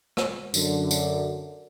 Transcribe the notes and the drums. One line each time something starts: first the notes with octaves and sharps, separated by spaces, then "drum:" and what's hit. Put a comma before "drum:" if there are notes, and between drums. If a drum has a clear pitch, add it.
drum: rim click
F#2 D3, drum: tambourine
drum: tambourine